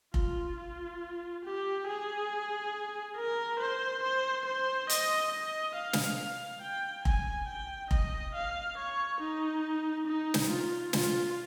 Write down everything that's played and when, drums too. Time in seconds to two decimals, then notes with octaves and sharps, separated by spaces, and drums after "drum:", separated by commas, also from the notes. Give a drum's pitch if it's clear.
0.14 F4, drum: kick F1
0.57 F4
1.44 G4
1.87 G#4
3.16 A#4
3.60 C5
4.03 C5
4.45 C5
4.89 D#5, drum: hi-hat
5.32 D#5
5.75 F5
5.93 drum: snare
6.18 F5
6.62 G5
7.05 G#5, drum: kick F1
7.48 G5
7.91 D#5, drum: kick F1
8.35 F5
8.77 C#5
9.20 D#4
10.07 D#4
10.34 drum: snare
10.50 F4
10.93 F4, drum: snare